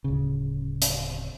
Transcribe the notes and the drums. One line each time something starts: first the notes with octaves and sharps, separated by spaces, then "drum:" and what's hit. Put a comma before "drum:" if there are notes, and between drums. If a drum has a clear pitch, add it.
D1 C#3
drum: hi-hat